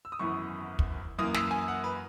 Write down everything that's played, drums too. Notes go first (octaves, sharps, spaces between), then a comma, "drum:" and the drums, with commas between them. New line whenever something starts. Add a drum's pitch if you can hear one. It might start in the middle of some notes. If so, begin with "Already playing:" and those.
E6
D#6
G#1 F#2 E3 B3 C#6
drum: kick
F#2 E3 A#3 D#6
E6, drum: snare
G#5
F#5
B4